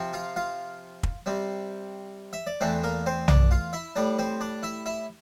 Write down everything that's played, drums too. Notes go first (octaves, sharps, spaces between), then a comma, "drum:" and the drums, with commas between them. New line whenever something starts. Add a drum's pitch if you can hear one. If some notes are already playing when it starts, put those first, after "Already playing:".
Already playing: C3 F3 C4
F4 F5
F4 F5
drum: kick
C3 G3 C4
E5
D5
E2 E3 A3 C4 D4 C5
A#3 A#4
C4 C5
D4 D5, drum: tom B1
F4 F5
E4 E5
A2 G3 D4 D5
C4 C5
D4 D5
E4 E5
E4 E5